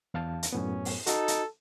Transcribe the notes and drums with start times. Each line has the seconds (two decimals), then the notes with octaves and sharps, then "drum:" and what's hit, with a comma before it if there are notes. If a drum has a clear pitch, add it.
0.14 E2 F5 A5
0.43 drum: hi-hat
0.53 F#2 A2 B3 C#4
0.85 drum: open hi-hat
1.07 D#4 F#4 A4, drum: hi-hat
1.28 drum: hi-hat